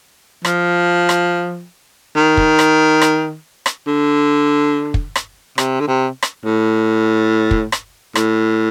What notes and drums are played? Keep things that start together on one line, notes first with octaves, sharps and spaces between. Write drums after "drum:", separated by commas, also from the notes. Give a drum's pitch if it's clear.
F3, drum: rim click
drum: rim click
D#3
drum: kick
drum: rim click
drum: rim click
drum: rim click
D3
drum: kick
drum: rim click
C3, drum: rim click
D3
C3
drum: rim click
A2
drum: kick
drum: rim click
A2, drum: rim click